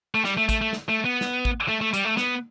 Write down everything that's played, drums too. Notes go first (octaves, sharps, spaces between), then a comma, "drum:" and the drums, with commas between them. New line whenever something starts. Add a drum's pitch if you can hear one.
A3
G3, drum: snare
A3
A3, drum: kick, hi-hat
A3
drum: snare
A3
B3
drum: snare
drum: kick
A3
A3
G3, drum: hi-hat
A3
B3, drum: snare